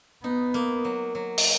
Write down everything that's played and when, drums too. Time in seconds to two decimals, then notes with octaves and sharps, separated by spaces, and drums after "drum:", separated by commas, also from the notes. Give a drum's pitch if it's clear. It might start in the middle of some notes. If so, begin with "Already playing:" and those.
0.24 B3 D#4
0.54 A#3
0.85 F#3
1.15 F#3
1.38 drum: open hi-hat